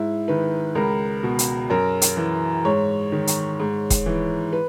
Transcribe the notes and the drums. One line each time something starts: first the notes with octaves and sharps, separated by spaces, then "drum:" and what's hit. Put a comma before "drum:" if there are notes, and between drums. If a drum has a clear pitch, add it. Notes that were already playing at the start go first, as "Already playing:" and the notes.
Already playing: G#2 E4
D#3 B4
C#2 A#4
B2
drum: hi-hat
F#2 A#4
drum: hi-hat
E3
G#2 C#5
D#3
drum: hi-hat
G#2
drum: kick E1, hi-hat
E3
B4